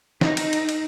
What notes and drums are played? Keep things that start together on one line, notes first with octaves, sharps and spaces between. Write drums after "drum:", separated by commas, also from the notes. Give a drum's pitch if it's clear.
D#4, drum: snare
drum: cymbal
drum: cymbal
drum: cymbal